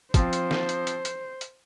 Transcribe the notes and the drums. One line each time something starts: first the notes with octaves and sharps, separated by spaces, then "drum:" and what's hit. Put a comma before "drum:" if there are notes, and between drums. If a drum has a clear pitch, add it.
F3 C4 F4 C5, drum: kick, hi-hat
drum: hi-hat
drum: snare
drum: hi-hat
drum: hi-hat
drum: hi-hat
drum: hi-hat